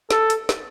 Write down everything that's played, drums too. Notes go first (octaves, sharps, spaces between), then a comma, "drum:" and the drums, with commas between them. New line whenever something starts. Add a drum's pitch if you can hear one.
A4, drum: snare
drum: hi-hat
drum: snare